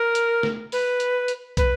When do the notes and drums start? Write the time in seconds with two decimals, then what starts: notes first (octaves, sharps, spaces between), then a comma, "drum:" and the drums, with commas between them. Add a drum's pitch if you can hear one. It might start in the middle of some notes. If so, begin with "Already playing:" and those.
Already playing: A#4
0.15 drum: hi-hat
0.43 drum: snare
0.72 B4, drum: open hi-hat
1.00 drum: hi-hat
1.28 drum: hi-hat
1.57 B4, drum: kick, hi-hat